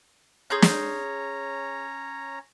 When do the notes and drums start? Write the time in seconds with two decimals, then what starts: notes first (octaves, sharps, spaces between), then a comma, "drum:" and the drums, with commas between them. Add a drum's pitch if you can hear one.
0.50 C#4 G#4 C#5 A#5 C6 G6
0.62 drum: snare